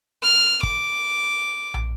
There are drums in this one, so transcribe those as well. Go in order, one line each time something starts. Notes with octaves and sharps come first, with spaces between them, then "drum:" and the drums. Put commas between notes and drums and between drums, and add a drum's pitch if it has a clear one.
F6
D6, drum: kick
drum: tom